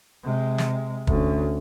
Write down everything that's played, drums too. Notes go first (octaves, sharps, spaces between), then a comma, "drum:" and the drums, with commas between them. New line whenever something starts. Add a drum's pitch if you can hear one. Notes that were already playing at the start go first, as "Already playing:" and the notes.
C3 G#3
drum: snare
D2 C#4, drum: kick